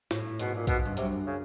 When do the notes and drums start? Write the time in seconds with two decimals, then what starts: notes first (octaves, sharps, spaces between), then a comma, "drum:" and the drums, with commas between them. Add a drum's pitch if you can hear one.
0.11 A2, drum: snare
0.39 G#2 B2, drum: hi-hat
0.54 A#2
0.67 B2, drum: kick A#1, hi-hat
0.85 G2
0.97 F#2 C3, drum: hi-hat
1.26 C#3